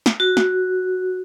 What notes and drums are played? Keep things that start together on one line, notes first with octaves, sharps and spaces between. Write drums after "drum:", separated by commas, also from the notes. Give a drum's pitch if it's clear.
drum: snare
F#4
drum: snare